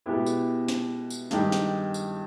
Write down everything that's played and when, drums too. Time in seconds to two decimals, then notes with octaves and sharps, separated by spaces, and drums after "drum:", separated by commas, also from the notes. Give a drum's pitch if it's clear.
0.06 B2 G#3 B3 E4 G4
0.26 drum: tambourine
0.68 drum: snare
1.10 drum: tambourine
1.31 G2 D#3 G#3 D#4 G4, drum: snare
1.52 drum: snare
1.94 drum: tambourine